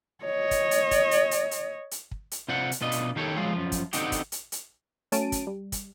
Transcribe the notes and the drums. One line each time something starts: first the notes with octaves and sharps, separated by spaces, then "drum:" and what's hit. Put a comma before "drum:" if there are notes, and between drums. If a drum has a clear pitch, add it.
C#5 D#5
drum: kick, hi-hat
drum: hi-hat
drum: kick, hi-hat
drum: hi-hat
drum: hi-hat
drum: hi-hat
drum: hi-hat
drum: kick
drum: hi-hat
C3 F4 C5 D5 F#5
drum: hi-hat
B2 D4 F4 D#5
drum: hi-hat
D#3 G4 A4 C#5
F3 F#3 G#3 F4
F#2 F3
drum: kick, hi-hat
D3 C4 D#4 F#4 G4, drum: hi-hat
drum: kick, hi-hat
drum: hi-hat
drum: hi-hat
F#3 A3 C#4 A5 D7 D#7, drum: hi-hat
drum: kick, hi-hat
G3
drum: kick, hi-hat